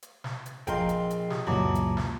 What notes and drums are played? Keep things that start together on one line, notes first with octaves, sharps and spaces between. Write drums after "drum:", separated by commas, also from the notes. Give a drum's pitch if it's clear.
drum: hi-hat
drum: snare
drum: hi-hat
A#1 G#4 D#5 F5 G5 A#5 C6, drum: kick G1, hi-hat
drum: hi-hat
drum: hi-hat
G4 D#6, drum: snare
C#2 F#2 A#2 E3 F#3 A5 A#5 D6
drum: hi-hat
drum: snare